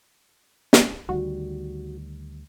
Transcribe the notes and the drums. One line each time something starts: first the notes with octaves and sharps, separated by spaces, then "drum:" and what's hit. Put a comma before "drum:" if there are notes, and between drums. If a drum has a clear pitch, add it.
drum: snare
D2 D#3 G3 F#4